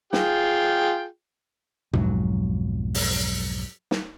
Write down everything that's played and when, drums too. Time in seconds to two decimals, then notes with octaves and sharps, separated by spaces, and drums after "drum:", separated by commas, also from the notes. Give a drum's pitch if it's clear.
0.13 F4 G#4 G5, drum: snare
1.93 B1 F2 G#2 F#3, drum: tom
2.94 drum: open hi-hat
3.91 drum: snare